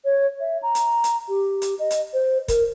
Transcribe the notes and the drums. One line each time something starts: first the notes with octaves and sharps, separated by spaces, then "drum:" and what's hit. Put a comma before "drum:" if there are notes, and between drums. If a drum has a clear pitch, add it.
C#5
E5
A#5
drum: hi-hat
drum: hi-hat
G4
drum: hi-hat
D#5
drum: hi-hat
C5
A#4, drum: kick, hi-hat